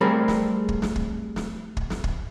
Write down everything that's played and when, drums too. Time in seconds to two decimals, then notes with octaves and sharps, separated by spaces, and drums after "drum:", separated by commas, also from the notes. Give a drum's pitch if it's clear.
0.01 G3 A3 C4 G#4 A#4 B5
0.28 drum: snare
0.69 drum: kick
0.82 drum: snare
0.96 drum: kick
1.36 drum: snare
1.77 drum: kick
1.90 drum: snare
2.04 drum: kick